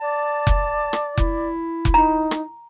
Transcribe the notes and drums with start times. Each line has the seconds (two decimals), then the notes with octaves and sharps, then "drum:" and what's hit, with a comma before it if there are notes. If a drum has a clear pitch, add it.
0.01 D5 A5
0.47 drum: kick F1
0.93 drum: rim click
1.18 E4, drum: kick F1
1.85 drum: kick F1
1.94 D#4 A#5
2.31 drum: rim click